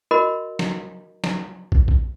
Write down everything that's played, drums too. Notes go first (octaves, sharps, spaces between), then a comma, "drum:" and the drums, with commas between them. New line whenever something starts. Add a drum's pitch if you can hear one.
F#4 A#4 D#5 B5
drum: snare
drum: snare
drum: kick
drum: kick